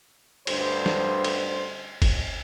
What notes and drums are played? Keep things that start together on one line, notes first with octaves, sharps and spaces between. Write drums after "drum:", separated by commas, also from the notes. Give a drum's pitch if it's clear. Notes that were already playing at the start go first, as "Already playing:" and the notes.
D2 G2 C5, drum: cymbal
drum: snare
drum: cymbal
drum: kick, cymbal